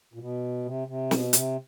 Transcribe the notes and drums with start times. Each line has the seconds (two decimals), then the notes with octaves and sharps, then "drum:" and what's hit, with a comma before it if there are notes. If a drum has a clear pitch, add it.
0.14 A#2
0.19 B2
0.65 C3
0.88 C3
1.11 B2, drum: snare
1.33 C3, drum: hi-hat